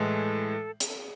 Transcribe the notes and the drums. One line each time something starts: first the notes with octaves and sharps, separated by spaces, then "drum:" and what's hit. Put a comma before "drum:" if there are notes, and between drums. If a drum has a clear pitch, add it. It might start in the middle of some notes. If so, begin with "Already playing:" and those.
Already playing: A2 E3 G#3 A4
G#4, drum: hi-hat
A4
G#4